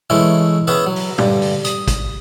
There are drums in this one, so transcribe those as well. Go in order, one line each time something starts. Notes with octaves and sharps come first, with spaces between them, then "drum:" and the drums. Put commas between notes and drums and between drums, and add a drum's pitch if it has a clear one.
E3 G#3 A3 C#4 E4
B3 C#4 G#4 B4 C#5 E5
F#3
drum: open hi-hat
G2 D3, drum: tom
drum: open hi-hat
D#6, drum: hi-hat
drum: kick, hi-hat